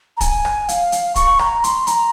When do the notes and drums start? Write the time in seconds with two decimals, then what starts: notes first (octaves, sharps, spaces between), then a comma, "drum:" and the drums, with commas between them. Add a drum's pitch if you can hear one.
0.17 A#5
0.21 G#5, drum: kick, hi-hat
0.45 drum: rim click
0.69 F5, drum: hi-hat
0.92 drum: hi-hat
1.16 C#6, drum: kick, hi-hat
1.39 A#5, drum: rim click
1.64 C6, drum: hi-hat
1.87 A#5, drum: hi-hat